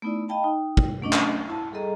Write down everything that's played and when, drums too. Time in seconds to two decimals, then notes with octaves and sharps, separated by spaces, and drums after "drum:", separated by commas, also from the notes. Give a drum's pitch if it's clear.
0.02 A3 B3 D#4 E4 D5
0.28 D#5 F5 G5 A5 B5
0.44 D#4 G5
0.77 drum: kick
1.01 F#3 A3 C#4 D4 D#5
1.13 drum: clap
1.48 E4 A5
1.72 G3 G#4 A4 D#5 A#5